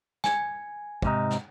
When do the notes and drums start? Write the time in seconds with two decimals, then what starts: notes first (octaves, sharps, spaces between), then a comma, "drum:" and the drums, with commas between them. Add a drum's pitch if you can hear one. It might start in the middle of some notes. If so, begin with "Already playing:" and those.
0.24 G#5 G#6, drum: snare
1.02 G#2 C3 D#4, drum: kick
1.30 drum: snare